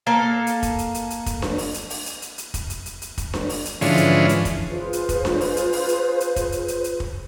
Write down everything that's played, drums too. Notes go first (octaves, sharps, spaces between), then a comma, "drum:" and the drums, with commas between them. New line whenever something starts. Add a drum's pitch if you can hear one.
A#3 A4 F5
drum: hi-hat
drum: kick, hi-hat
drum: hi-hat
drum: hi-hat
drum: hi-hat
drum: kick, hi-hat
drum: snare D4
drum: open hi-hat
drum: hi-hat
drum: open hi-hat
drum: hi-hat
drum: hi-hat
drum: hi-hat
drum: kick, hi-hat
drum: hi-hat
drum: hi-hat
drum: hi-hat
drum: kick, hi-hat
drum: snare D4
drum: open hi-hat
drum: hi-hat
G#2 D3 E3 F3 C#4, drum: open hi-hat
drum: hi-hat
drum: hi-hat
drum: kick, hi-hat
F4 G#4 B4 C5
drum: hi-hat
drum: kick, hi-hat
drum: snare D4
drum: open hi-hat
drum: hi-hat
drum: open hi-hat
drum: hi-hat
drum: hi-hat
drum: kick, hi-hat
drum: hi-hat
drum: hi-hat
drum: hi-hat
drum: kick